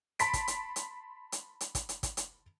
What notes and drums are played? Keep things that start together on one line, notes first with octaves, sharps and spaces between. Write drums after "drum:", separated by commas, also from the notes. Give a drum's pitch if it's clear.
A5 B5 C6 B6 D7, drum: hi-hat
drum: kick, hi-hat
drum: hi-hat
drum: hi-hat
drum: hi-hat
drum: hi-hat
drum: kick, hi-hat
drum: hi-hat
drum: kick, hi-hat
drum: hi-hat